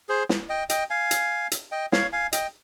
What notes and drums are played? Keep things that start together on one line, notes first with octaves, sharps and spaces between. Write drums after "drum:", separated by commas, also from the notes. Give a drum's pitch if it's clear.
G#4 C5
drum: snare
D#5 G5
D#5 G5, drum: hi-hat
F5 G#5
drum: hi-hat
drum: hi-hat
D#5 G5
C#5 F5, drum: snare
F5 G#5
D#5 G5, drum: hi-hat